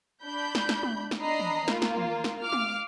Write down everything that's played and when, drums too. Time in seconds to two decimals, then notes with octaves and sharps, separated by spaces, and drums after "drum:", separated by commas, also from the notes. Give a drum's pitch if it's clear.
0.24 D4 B5 G6
0.55 drum: snare
0.69 drum: snare
0.83 drum: tom
1.11 drum: snare
1.21 D4 D#5 A#5 B5 C7
1.40 drum: tom
1.68 A#3 F4, drum: snare
1.82 drum: snare
1.96 drum: tom
2.24 drum: snare
2.42 F5 D6 F6
2.52 drum: tom